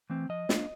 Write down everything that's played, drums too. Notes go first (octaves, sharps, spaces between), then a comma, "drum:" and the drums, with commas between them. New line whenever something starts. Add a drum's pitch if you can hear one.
E3 A3 C4
F3 D#5
A#3 D4 F4, drum: snare